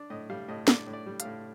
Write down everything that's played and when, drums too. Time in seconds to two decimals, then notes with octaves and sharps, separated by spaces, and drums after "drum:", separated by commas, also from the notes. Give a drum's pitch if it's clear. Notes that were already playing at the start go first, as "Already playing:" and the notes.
Already playing: D4 D5
0.10 A2 D#5
0.30 G3 F5
0.48 A2 D#5
0.68 D4 D5, drum: snare
0.87 A2
0.93 D5
1.06 G3
1.20 F5, drum: hi-hat
1.25 A2